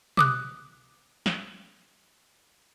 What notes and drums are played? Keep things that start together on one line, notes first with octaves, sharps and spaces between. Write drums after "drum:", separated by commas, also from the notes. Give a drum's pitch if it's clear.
D6 D#6 F#6, drum: tom B2
drum: snare